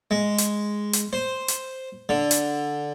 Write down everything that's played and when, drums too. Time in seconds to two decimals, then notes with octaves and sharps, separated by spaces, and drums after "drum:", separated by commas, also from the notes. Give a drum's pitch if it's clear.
0.11 G#3
0.38 drum: hi-hat
0.93 drum: hi-hat
1.13 C5
1.48 drum: hi-hat
2.09 D3
2.31 drum: hi-hat